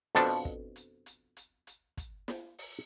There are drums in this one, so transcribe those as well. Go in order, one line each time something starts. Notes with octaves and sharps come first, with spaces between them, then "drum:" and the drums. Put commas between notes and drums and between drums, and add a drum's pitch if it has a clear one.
F2 B2 F3 D4 A4, drum: open hi-hat
drum: kick
drum: hi-hat
drum: hi-hat
drum: hi-hat
drum: hi-hat
drum: kick, hi-hat
drum: snare
drum: open hi-hat